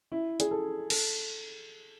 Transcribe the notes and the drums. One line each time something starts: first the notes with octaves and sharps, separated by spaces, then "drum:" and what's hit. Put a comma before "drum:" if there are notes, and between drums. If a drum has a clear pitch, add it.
E4
G#4, drum: hi-hat
A4
A4, drum: cymbal